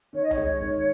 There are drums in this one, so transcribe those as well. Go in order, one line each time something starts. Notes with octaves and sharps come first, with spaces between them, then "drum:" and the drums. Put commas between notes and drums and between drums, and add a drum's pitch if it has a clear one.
D#3 C#5
D#5
C#5, drum: tom C#2
G#3
D#3, drum: kick